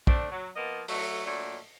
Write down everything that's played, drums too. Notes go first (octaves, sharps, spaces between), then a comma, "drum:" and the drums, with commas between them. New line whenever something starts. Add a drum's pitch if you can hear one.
A3 C4 D4, drum: kick
F#3
F3 A#3 B3 D#5
F#3 A3, drum: open hi-hat
A#2 F#3 A3 D4